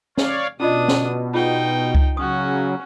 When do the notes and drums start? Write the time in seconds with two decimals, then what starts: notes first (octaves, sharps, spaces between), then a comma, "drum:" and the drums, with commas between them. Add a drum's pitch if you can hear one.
0.17 C#5 D5 F5, drum: snare
0.60 B2 C#4 D4 F4 D#5 D#6
0.88 drum: snare
1.34 D#4 F4 G#4 F#5 G5
1.95 drum: kick C#2
2.17 C#3 F#3 C#4 F#4 D#6